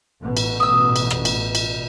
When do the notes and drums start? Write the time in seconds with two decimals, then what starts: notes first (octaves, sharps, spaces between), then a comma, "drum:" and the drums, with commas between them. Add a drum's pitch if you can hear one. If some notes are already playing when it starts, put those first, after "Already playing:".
0.22 A1 B2
0.37 drum: cymbal
0.60 D#6 E6
0.96 drum: cymbal
1.10 drum: rim click
1.25 drum: cymbal
1.55 drum: cymbal